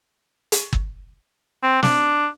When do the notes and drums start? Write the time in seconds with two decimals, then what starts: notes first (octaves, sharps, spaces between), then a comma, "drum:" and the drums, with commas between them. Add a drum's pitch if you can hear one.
0.52 drum: hi-hat
0.73 drum: kick
1.63 C4
1.83 D4, drum: snare